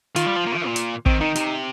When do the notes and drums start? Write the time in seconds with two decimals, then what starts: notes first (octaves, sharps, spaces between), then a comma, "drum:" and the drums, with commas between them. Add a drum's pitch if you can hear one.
0.16 D#3 F4, drum: hi-hat
0.26 G3
0.36 F3
0.46 A#2
0.56 F3
0.66 A#2
0.76 drum: hi-hat
1.06 D#3 C4, drum: kick
1.20 D#3 D#4
1.35 C3, drum: hi-hat